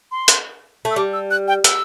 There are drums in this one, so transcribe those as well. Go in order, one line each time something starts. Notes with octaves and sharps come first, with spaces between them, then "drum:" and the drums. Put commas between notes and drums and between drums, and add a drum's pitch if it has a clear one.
C6
drum: hi-hat
A3
E6
G3 D6
E6
F#6
G5
E6, drum: hi-hat